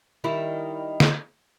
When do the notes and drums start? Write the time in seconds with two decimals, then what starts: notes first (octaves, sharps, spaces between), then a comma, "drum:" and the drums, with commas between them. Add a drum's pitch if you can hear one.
0.24 D#3 G3 E4
1.00 drum: snare